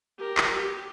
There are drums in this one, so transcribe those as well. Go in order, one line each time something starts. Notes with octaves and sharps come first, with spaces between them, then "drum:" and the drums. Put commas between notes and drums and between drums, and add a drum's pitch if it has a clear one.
G4 A#4
drum: clap
G4